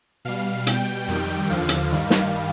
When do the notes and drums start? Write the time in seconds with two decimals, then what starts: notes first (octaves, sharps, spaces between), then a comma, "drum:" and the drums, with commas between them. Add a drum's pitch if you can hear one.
0.25 B2 G3 F5
0.67 B2 G3 G5, drum: hi-hat
1.08 F2 D#3 G3
1.50 D#2 D3 F3 F5
1.69 drum: hi-hat
1.92 G2 D#3 G3
2.10 drum: snare